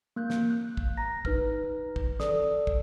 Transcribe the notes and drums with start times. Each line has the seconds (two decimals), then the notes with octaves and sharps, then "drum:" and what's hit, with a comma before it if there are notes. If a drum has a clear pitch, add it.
0.16 A#3 F#6 G6
0.30 drum: snare
0.50 F#6
0.77 drum: kick
0.97 A#5 A#6
1.25 D#4 B4 F6, drum: kick
1.96 drum: kick
2.20 A4 D5 D#6, drum: snare
2.67 drum: kick